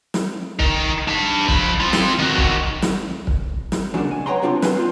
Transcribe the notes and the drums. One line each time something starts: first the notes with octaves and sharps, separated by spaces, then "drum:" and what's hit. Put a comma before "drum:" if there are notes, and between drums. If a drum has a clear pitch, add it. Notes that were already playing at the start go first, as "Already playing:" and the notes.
drum: snare
D#3, drum: kick
D4 B5
F3 B5, drum: kick
C4 F4
drum: snare
D#3 F#4
drum: kick
drum: snare
drum: kick
drum: snare
C#3 F#3 G#3 A#3 C#4 D4
B1 G#5
B4 C#5 F#5 G5 A#5 C6
G3 C4 D4 F4 F#4 C#5
B4 G#5 C6, drum: snare
C4 F4